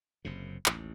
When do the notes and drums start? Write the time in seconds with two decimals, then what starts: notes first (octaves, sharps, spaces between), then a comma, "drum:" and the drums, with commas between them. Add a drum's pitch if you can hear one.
0.25 F#1 F#2 C3
0.66 A1 D#2, drum: clap